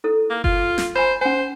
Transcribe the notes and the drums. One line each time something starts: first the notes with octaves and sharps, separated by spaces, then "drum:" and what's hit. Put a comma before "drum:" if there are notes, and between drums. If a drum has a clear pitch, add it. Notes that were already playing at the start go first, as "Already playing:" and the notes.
E4 A4
A#3
F4, drum: kick F#1
drum: snare
C5 G#5 A#5 B5
C#4 C5 G#5